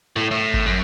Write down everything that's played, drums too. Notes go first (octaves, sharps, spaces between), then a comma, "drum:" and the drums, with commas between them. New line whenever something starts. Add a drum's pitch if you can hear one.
A2
A2
drum: kick G#1
F#2